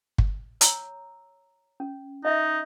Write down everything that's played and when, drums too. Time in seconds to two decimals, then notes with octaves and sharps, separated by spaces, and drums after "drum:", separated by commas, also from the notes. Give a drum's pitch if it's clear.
0.18 drum: kick G1
0.61 C#5 A#5 E6, drum: hi-hat
1.80 C#4
2.25 D#4 D#5 E5